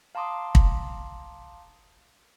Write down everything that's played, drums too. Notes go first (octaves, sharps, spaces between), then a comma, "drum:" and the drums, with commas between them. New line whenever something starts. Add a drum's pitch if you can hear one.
F5 A5 A#5 C6 D6 D#6
drum: kick